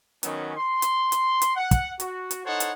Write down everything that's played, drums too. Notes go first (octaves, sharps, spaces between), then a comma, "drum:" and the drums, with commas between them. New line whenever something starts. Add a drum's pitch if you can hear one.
D#3 F#3 B3 C#4, drum: hi-hat
C6
drum: hi-hat
drum: hi-hat
drum: hi-hat
F#5
drum: kick, hi-hat
F#4, drum: hi-hat
drum: hi-hat
D#4 E4 A4 C5 C#5 F#5
drum: hi-hat